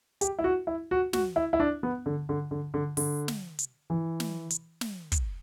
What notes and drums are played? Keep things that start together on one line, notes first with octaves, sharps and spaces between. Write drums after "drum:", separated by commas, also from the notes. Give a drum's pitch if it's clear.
G4, drum: hi-hat
E4
F#4
E4
F#4
F#4, drum: snare
E4
E4
D4
B3
D3
D3
D3
D3
D3, drum: open hi-hat
drum: snare
drum: hi-hat
E3
drum: snare
drum: hi-hat
drum: snare
drum: kick, hi-hat